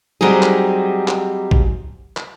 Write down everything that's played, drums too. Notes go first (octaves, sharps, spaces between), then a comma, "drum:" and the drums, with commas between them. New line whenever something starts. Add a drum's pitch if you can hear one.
F#3 G3 C4 D#4 G#4
drum: clap
drum: clap
drum: kick
drum: clap